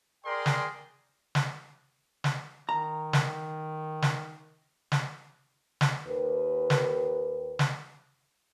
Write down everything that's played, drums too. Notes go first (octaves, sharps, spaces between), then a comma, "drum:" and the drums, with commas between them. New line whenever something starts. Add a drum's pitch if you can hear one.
G#4 A#4 D5 G5 C6
drum: snare
drum: snare
drum: snare
D#3 A#5
drum: snare
drum: snare
drum: snare
drum: snare
D#2 G4 A#4 B4
drum: snare
drum: snare